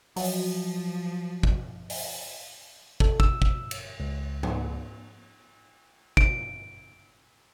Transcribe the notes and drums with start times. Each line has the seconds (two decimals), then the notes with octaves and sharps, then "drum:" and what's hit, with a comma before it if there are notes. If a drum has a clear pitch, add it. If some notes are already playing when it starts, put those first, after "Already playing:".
0.16 F3 F#3, drum: open hi-hat
1.43 drum: kick
1.90 drum: open hi-hat
3.00 A4, drum: kick
3.20 E6, drum: kick
3.42 drum: kick
3.71 drum: cymbal
4.00 C#2
4.43 drum: tom
6.17 D7, drum: kick